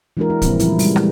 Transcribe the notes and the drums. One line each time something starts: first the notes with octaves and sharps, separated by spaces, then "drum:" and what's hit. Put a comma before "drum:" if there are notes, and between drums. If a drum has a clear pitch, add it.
E3 G#3 D4 E4 F#4 A#4
E4
A#2 C#3 F3 G#3 A#3 C4, drum: kick, hi-hat
E3 F3 G3 C4 E4, drum: hi-hat
G3 G#3, drum: open hi-hat
G#3, drum: rim click